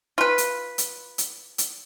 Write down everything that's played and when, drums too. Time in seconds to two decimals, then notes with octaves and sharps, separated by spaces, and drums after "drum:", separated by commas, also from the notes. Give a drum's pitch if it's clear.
0.18 F4 B4
0.38 drum: hi-hat
0.78 drum: hi-hat
1.18 drum: hi-hat
1.58 drum: hi-hat